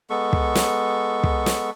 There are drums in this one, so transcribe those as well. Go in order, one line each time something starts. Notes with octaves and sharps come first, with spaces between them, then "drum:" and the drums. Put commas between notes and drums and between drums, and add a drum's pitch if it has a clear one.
G#3 B3 A4 C#6
drum: kick
drum: snare
drum: kick
drum: snare